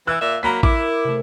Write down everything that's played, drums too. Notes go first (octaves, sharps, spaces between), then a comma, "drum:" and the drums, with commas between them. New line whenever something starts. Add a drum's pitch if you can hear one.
E3 E6 F#6
A#2 D5 E5 F5
F#3 A#3 A#5 B5 B6
E4 A#4 D6, drum: kick A1
C3 A3